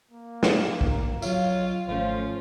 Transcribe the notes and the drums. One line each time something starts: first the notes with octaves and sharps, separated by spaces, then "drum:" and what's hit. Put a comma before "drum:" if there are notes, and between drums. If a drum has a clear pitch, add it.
A#3
drum: snare
drum: kick
F#3 F4 C#5 F5, drum: tambourine
G#1 F3 A3 C#4 F4 C5